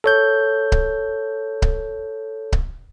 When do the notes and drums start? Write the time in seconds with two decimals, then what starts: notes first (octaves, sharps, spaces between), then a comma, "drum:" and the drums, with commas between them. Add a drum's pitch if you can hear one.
0.04 A4 C#5 G6
0.72 drum: kick C#1
1.62 drum: kick C#1
2.52 drum: kick C#1